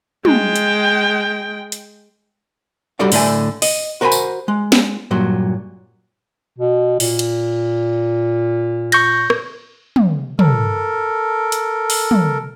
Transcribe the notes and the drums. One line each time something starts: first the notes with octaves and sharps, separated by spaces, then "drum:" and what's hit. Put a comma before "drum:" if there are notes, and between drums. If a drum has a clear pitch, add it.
G#3 G5, drum: tom
drum: hi-hat
drum: hi-hat
G3 D4 F#4 A4 D5 F5
A2 D3 A3 D5 G#5, drum: open hi-hat
D#5, drum: open hi-hat
F#4 A#4 C5 G5 G#5 B5
drum: tambourine
G#3
drum: snare
G2 A#2 F#3
B2
A#2, drum: open hi-hat
drum: cymbal
C#6 G6 A#6, drum: cymbal
drum: rim click
drum: tom
A4 A#4, drum: tom
drum: hi-hat
drum: open hi-hat
drum: tom